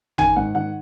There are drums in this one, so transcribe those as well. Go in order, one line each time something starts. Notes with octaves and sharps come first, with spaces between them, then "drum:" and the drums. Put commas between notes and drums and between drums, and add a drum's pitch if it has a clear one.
D#3 G#5, drum: tom
G#2 F#5
D#3 F#5